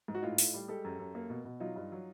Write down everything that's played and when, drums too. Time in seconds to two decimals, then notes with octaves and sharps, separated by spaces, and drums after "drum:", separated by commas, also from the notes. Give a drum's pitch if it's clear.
0.08 G#2
0.15 F#4
0.22 A2 D#4 F4
0.38 A2, drum: open hi-hat
0.54 G3
0.68 G#3 G4 A4
0.85 F#2
0.99 F#2
1.15 A#3
1.30 B2
1.45 B2
1.60 F#3 D#4 F4
1.76 G2
1.92 F#3